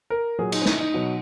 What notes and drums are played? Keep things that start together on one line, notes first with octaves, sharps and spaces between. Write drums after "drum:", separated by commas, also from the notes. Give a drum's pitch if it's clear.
A#4
A#2 F#3 G#4
D#4, drum: cymbal
C#4
D#4, drum: snare
D#4
B2 F#3